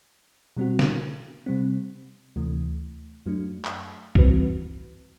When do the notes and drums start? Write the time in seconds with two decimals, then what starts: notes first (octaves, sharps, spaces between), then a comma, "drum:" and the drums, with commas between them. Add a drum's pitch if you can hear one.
0.57 B2 G3 C4 F#4
0.79 drum: snare
1.46 C3 G3 C4
2.36 D2 C3 E3 A3
3.26 F#2 F#3 A3 D4
3.65 drum: clap
4.15 E3 G3 C4 F#4 B4, drum: kick B1